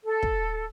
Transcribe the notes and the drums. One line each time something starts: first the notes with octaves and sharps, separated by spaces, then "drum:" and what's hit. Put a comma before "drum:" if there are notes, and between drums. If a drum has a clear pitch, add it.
A4
drum: kick